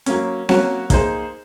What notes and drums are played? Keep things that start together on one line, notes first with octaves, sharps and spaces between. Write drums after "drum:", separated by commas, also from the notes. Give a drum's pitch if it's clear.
F#3 A#3 C#4, drum: hi-hat
F#3 A#3 C#4 F#4 C#5, drum: snare C4
A#3 D#4 G#4 C5, drum: kick, hi-hat